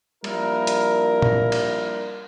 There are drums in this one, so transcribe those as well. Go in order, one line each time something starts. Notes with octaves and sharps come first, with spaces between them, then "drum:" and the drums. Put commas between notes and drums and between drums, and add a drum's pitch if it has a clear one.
F3 G3 A#3 D4 E4 A#4, drum: cymbal
drum: hi-hat
drum: tom A#2
drum: cymbal